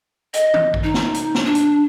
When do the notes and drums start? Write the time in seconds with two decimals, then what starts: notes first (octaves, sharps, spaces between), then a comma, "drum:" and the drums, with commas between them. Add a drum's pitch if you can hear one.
0.34 D#5, drum: hi-hat
0.54 drum: tom
0.74 drum: kick A1
0.83 D#4
0.94 drum: snare
1.14 drum: hi-hat
1.35 drum: snare
1.45 D4
1.55 drum: hi-hat